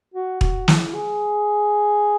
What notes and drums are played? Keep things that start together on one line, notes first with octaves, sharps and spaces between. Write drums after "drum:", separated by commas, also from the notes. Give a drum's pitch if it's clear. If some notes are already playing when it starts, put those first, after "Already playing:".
F#4
F#4, drum: kick
E4, drum: snare
G#4